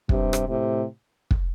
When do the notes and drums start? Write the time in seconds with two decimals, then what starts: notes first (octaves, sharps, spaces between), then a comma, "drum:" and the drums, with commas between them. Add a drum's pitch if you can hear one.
0.09 G2 C3, drum: kick
0.33 drum: rim click
0.49 A2 C3
1.31 drum: kick